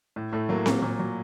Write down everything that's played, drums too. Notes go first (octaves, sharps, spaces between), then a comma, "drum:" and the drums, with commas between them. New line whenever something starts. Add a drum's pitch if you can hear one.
A2
A2 A3
F#3 A#3
A#2 A#3, drum: snare C4
A#2
F#3